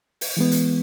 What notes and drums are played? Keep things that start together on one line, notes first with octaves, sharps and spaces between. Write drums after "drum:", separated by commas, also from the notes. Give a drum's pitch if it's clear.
drum: open hi-hat
E3 G#3 B3
drum: hi-hat